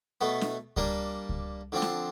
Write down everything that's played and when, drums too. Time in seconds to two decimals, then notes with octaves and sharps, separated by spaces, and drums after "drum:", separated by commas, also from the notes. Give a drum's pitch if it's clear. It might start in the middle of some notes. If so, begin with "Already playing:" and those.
0.21 B2 A3 B3
0.41 drum: snare
0.77 G3 A#3 D4, drum: kick C#2
1.29 drum: kick C#2
1.72 D3 F3 C4 D4
1.82 drum: snare